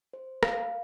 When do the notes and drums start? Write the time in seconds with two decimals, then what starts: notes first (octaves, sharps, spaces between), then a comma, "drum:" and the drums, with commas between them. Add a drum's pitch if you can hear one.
0.13 C5
0.43 F5, drum: rim click